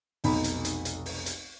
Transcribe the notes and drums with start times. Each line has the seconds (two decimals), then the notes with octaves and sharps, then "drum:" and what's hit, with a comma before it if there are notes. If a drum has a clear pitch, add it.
0.24 F1 B1 D#4 B5, drum: open hi-hat
0.44 drum: hi-hat
0.65 drum: hi-hat
0.85 drum: hi-hat
1.06 drum: open hi-hat
1.26 drum: hi-hat